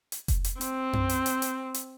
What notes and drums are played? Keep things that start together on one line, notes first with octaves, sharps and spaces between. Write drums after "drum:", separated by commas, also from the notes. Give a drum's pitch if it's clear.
drum: hi-hat
drum: kick F1, hi-hat
drum: hi-hat
C4, drum: hi-hat
drum: tom F#2
drum: hi-hat
drum: hi-hat
drum: hi-hat
drum: hi-hat